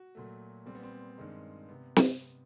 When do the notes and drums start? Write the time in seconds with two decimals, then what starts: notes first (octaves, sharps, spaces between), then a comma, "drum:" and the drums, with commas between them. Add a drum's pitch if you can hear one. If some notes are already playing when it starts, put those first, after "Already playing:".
Already playing: F#4
0.15 A#2 F#3 A3
0.66 A#2 G3 C4
0.75 B3
0.83 C4
1.18 G2 D#3 G#3
1.69 C3 B3
1.96 drum: snare